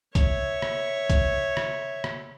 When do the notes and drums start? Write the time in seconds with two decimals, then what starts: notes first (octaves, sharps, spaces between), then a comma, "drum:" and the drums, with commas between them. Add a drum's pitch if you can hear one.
0.15 C#5 E5, drum: kick, hi-hat
0.62 drum: rim click
1.10 drum: kick, hi-hat
1.57 drum: rim click
2.04 drum: rim click